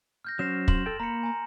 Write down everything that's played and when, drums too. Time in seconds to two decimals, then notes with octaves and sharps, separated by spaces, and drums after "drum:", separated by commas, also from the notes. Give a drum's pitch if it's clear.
0.25 F6 G6 A#6
0.39 F#3 C#4 C5 A#6 E7
0.68 C6 E7 F#7, drum: kick
0.86 A4 G5
1.00 A#3 A#5 B5 C#7
1.23 G#5 A#5